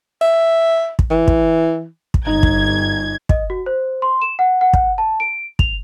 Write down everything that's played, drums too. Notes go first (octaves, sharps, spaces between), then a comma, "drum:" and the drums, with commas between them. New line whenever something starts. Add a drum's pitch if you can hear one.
E5
drum: kick
E3
drum: kick
drum: kick
G1 D#4 G#6
drum: kick
D#5, drum: kick
F#4
C5
C6
E7
F#5
F#5
drum: kick
A5
D7
F7, drum: kick